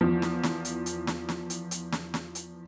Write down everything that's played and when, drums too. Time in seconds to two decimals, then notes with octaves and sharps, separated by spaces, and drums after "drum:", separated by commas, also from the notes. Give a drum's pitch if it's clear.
0.01 E2 F3
0.22 drum: snare
0.43 drum: snare
0.65 drum: hi-hat
0.86 drum: hi-hat
1.07 drum: snare
1.29 drum: snare
1.50 drum: hi-hat
1.71 drum: hi-hat
1.92 drum: snare
2.14 drum: snare
2.35 drum: hi-hat